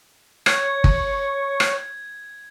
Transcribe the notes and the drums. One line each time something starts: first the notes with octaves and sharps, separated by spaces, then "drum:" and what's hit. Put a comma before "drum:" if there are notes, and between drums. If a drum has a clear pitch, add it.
C#5 G#6, drum: rim click
drum: kick
drum: rim click